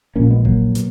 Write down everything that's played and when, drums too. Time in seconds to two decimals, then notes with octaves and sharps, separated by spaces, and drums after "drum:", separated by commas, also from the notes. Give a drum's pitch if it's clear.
0.16 A#1 A#2 A#3 C#4
0.30 G#3 B3
0.45 F#3 A#3, drum: kick E1
0.75 B2, drum: hi-hat